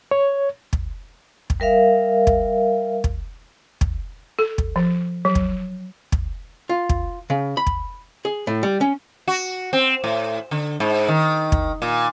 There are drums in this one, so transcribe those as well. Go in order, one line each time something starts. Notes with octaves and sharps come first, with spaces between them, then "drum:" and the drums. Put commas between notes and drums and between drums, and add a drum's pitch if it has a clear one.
C#5
drum: kick
drum: kick
G3 A#4 E5 F5
drum: kick
drum: kick
drum: kick
A4
drum: kick
F3
F#3
drum: kick
drum: kick
F4
drum: kick
C#3
B5
drum: kick
G#4
A2
G3
C#4
F#4
C4
A2
D3
G#2
D#3
drum: kick
A#2